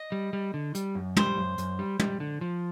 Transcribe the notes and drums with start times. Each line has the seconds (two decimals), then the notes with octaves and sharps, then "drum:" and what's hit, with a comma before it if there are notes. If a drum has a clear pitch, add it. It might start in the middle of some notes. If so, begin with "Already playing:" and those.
Already playing: D#5
0.12 G3
0.33 G3
0.54 D3
0.75 G3, drum: hi-hat
0.95 F#2
1.17 G3 C5, drum: tom
1.37 F#2
1.58 F#2, drum: hi-hat
1.79 G3
1.99 G3, drum: tom
2.20 D3
2.41 F3